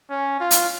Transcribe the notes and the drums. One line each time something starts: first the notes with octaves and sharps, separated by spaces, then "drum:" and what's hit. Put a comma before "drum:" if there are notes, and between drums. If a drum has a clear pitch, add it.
C#4
F4
drum: hi-hat